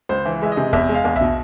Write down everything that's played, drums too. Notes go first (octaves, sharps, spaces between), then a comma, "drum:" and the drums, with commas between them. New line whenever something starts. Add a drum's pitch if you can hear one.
C#2 C5
E3
G#3 E5
D#5
C3
E2 E5, drum: kick
G#3
F5
E2
E5, drum: tom B1
B2